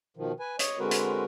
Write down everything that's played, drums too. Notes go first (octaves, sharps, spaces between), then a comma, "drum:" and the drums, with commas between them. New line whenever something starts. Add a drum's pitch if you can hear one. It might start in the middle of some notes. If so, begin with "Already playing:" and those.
B2 D#3 F3
B4 G#5
C#5 D#5, drum: hi-hat
D3 G#3 C4 F#4 A#4 B4
drum: hi-hat